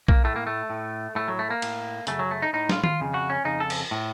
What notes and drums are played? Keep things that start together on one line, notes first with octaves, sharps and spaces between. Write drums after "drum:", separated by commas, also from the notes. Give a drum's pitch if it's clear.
A#3, drum: kick B1
A2 A3
A#3
A3
A2
A2 A3
F#3
A3
A#3
A2, drum: cymbal
F#2 C#3 A3, drum: hi-hat
F#3
A3
D#4
A2 D#4
F4, drum: snare
F4, drum: tom D#3
F2 C#3
F#4
C#4
F2 C#3 D#4
A4
drum: cymbal
A2